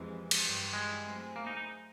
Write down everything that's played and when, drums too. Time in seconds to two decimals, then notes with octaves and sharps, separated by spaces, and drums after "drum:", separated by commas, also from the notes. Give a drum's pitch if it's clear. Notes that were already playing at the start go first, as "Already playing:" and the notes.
Already playing: F2 C3 E3 G#3
0.31 drum: cymbal
0.43 G2 E3 G3
0.73 G#3
1.04 F#3 A3 C4 E4 G#4
1.36 A#3
1.47 D#4
1.57 D#4